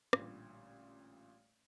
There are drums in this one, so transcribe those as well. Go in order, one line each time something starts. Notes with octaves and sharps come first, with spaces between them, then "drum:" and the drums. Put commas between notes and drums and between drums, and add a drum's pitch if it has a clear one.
A1 A#2 D3 G3, drum: rim click